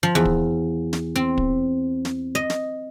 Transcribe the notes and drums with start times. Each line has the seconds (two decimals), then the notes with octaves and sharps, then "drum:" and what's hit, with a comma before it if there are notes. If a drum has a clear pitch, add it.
0.03 F3
0.15 E2
0.25 drum: kick
0.93 drum: snare
1.16 C4
1.38 drum: kick
2.05 drum: snare
2.35 D#5
2.50 drum: snare